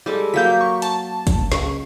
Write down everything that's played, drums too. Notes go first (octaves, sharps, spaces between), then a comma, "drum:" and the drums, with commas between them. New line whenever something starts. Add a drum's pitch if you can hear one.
G3 G#3 A4
F#3 A#3 G6 B6
C#6
A5, drum: hi-hat
drum: kick, hi-hat
C#2 C#6, drum: snare